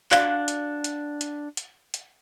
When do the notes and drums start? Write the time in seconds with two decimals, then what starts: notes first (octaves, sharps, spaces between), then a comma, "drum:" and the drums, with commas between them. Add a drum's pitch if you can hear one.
0.11 D4 F#4 D5 F5 F#5, drum: clap
0.48 drum: hi-hat
0.84 drum: hi-hat
1.21 drum: hi-hat
1.57 drum: hi-hat
1.94 drum: hi-hat